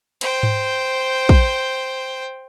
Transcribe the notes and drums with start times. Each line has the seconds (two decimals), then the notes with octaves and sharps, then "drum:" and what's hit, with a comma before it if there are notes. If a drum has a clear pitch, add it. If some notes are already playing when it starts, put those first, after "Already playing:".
0.21 C5 G5, drum: cymbal
0.43 drum: tom G#2
1.29 drum: kick